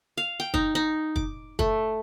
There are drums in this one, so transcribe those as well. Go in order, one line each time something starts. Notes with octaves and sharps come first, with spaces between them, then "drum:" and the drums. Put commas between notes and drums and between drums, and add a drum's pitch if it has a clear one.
F5
G5
D#4, drum: kick
D#4
D6, drum: kick
A3, drum: kick